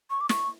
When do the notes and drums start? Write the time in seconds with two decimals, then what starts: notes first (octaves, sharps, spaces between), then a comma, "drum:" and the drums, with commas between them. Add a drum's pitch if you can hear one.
0.10 C#6
0.21 D6
0.29 C#6, drum: snare